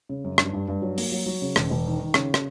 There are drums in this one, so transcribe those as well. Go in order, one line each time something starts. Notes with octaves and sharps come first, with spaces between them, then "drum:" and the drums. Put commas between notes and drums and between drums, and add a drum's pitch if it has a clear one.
C#3
F#2
G2, drum: rim click
G2
G2
F#3
A#3, drum: open hi-hat
F#3
F#3
C#3
E1, drum: rim click
E1
D#3
D#3
C#3, drum: rim click
drum: rim click